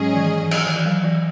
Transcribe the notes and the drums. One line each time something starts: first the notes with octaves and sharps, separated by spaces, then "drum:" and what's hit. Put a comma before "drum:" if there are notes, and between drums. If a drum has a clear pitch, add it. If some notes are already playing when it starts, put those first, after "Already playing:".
Already playing: G#2 F#3 C#4 G#4 D#5
E3
D#3
E3
drum: cymbal
D#3
E3
F#3
E3